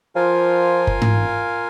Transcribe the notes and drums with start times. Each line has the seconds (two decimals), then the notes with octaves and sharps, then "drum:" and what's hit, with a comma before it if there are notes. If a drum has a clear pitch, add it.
0.15 F3 F4 A#4 F5 G#5
0.87 drum: kick
1.02 drum: tom G#2